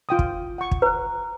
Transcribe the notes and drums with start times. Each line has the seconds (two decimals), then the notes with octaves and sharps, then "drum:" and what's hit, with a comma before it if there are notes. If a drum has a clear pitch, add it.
0.09 F4 G5 D#6
0.19 drum: kick
0.58 F#5 C#6
0.72 drum: kick
0.82 B4 A#5 F#6